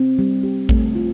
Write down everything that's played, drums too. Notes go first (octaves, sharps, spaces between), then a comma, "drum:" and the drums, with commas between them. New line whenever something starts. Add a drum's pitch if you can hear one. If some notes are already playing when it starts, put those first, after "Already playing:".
Already playing: C4
G3
G4
A3, drum: kick A1
F4